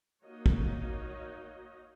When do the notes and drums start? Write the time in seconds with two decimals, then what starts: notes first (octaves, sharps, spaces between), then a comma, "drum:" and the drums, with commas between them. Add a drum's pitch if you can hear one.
0.23 A#3 D#4 F#4 C#5 D#5
0.46 drum: kick